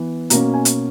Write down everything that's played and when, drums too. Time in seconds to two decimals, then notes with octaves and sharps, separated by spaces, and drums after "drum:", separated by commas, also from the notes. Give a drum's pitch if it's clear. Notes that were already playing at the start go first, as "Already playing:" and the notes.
Already playing: E3 B3
0.30 B2 A#3 C#4 A#5, drum: hi-hat
0.54 G#5
0.65 drum: hi-hat